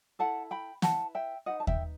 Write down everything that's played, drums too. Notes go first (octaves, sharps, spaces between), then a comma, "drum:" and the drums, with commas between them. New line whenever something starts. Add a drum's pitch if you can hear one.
E4 A4 F#5 A5
G5 B5
E4 B4 F#5 A5, drum: snare
E5 G5
D#4 F#4 B4 D#5 F#5
A5
E5 G5, drum: kick D#2